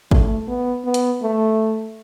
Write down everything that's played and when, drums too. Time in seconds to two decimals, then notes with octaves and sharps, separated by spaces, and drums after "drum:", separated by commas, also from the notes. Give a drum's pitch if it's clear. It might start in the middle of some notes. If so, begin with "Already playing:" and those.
0.11 A3, drum: kick G#1
0.48 B3
0.85 B3
0.94 drum: hi-hat
1.23 A3